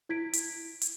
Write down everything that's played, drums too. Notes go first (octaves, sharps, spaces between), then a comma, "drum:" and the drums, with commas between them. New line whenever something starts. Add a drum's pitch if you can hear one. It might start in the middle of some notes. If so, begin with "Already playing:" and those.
E4 G#6 B6 D7
drum: hi-hat
drum: hi-hat